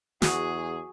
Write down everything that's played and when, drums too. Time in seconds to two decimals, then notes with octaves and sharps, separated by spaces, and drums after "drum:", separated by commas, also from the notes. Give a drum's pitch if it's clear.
0.22 E2 F#4 G#4, drum: snare